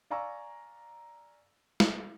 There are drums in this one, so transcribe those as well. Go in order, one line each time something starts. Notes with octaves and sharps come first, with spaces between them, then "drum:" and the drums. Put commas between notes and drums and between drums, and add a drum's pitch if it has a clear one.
D5 F5 G#5 A#5 C#6 E6
drum: snare